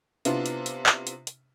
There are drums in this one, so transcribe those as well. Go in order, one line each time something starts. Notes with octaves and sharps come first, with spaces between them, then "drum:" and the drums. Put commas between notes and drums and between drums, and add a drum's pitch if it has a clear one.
C3 B3 D4 E4 F4, drum: hi-hat
drum: hi-hat
drum: hi-hat
drum: clap
drum: hi-hat
drum: hi-hat